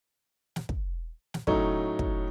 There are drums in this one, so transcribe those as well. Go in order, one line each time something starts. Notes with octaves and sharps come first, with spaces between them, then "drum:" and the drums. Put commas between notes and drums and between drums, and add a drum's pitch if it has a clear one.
drum: snare
drum: kick
drum: snare
A2 F#3 A3 C#4 D#4, drum: kick
drum: kick